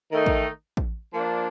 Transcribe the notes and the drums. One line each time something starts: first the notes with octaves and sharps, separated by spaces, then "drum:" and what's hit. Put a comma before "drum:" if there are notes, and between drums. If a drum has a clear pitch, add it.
D#3 A3 D#4
drum: kick A1
drum: kick A1
F3 A#3 D4